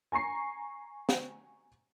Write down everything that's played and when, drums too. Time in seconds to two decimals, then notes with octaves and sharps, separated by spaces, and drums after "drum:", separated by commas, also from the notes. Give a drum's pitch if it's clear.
0.12 G#5 A#5 C#6 C7
1.09 drum: snare